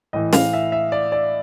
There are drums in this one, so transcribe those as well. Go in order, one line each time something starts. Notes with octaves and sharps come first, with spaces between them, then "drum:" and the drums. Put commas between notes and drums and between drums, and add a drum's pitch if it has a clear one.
A2 E3 D#5
F5, drum: snare
E5
E5
D5
D5